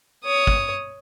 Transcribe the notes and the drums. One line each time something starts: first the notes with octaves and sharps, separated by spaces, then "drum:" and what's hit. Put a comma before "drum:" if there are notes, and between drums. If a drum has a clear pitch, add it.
C#5 D#6
drum: kick